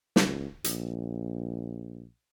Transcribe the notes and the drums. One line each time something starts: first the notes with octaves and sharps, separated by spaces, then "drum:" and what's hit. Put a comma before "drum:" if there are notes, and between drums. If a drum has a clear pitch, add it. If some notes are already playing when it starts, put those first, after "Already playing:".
C#2, drum: snare
A#1, drum: hi-hat